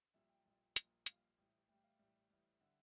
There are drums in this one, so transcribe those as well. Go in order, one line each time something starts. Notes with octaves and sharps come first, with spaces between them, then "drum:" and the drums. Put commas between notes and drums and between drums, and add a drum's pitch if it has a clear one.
A#1 A#2 G3 E5
G5
A#1 A#2 G3
A#1 A#2 G3, drum: hi-hat
A#1 A#2 G3 F5, drum: hi-hat
A1 A2 G3
A1 A2 G3 G5
F5
A1 A2 G3 E5
A1 A2 G3
D3 G3 E5